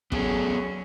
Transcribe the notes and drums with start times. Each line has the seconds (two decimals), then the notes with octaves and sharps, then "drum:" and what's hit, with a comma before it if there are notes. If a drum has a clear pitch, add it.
0.12 F#3 B3 C#4 G#4 A4, drum: kick